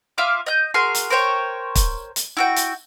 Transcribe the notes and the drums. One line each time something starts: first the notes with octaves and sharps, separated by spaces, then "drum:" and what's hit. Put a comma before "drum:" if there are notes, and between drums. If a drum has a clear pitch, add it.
F4 E5 F5 D6
D#5 G6
F#4 G#4 A#4 C6
drum: hi-hat
A#4 C5 C#5 G5
drum: kick, hi-hat
drum: hi-hat
E4 F#4 G5
drum: hi-hat